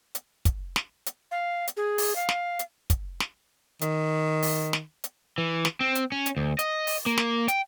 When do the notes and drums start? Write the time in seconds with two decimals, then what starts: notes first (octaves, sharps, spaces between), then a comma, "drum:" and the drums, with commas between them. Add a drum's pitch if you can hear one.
0.15 drum: hi-hat
0.45 drum: kick, hi-hat
0.76 drum: snare
1.06 drum: hi-hat
1.31 F5
1.68 drum: hi-hat
1.77 G#4
1.98 drum: open hi-hat
2.16 F5
2.29 drum: snare
2.59 drum: hi-hat
2.90 drum: kick, hi-hat
3.20 drum: snare
3.81 D#3, drum: hi-hat
4.43 drum: open hi-hat
4.73 drum: snare
5.04 drum: hi-hat
5.38 E3
5.65 drum: snare
5.81 C4
5.95 drum: hi-hat
6.12 C#4
6.26 drum: hi-hat
6.37 D2
6.59 D#5, drum: hi-hat
6.87 drum: open hi-hat
7.06 A#3
7.18 drum: snare
7.48 G5, drum: hi-hat